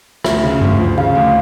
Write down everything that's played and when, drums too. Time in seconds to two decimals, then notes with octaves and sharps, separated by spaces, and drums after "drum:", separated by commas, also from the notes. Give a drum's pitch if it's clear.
0.24 D2 E5, drum: rim click
0.43 C#3
0.61 D2, drum: tom G2
0.79 F3
0.97 C#3 F5
1.15 D2